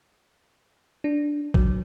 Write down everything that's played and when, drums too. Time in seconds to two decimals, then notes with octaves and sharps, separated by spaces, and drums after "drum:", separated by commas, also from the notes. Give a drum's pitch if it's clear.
1.04 D4
1.54 F#3, drum: kick